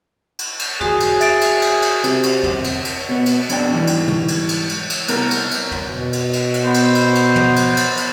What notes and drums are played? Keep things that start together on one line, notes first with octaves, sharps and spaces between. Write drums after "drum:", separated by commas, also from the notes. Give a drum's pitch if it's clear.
drum: cymbal
drum: cymbal
F#4 G#4, drum: tom
drum: cymbal
E5 A6 D7, drum: cymbal
drum: cymbal
drum: cymbal
drum: cymbal
C3, drum: cymbal
drum: cymbal
drum: tom
drum: cymbal
drum: cymbal
B2 B3
drum: cymbal
F2 B2 D4 G5, drum: cymbal
G#2 E3 G3
drum: cymbal
drum: tom
drum: cymbal
drum: cymbal
drum: cymbal
drum: cymbal
C2 B3 A#4 A#5, drum: cymbal
drum: cymbal
drum: cymbal
drum: tom
B2
drum: cymbal
drum: cymbal
drum: cymbal
B3 C5
drum: cymbal
drum: cymbal
drum: cymbal
drum: tom
drum: cymbal
drum: cymbal
drum: cymbal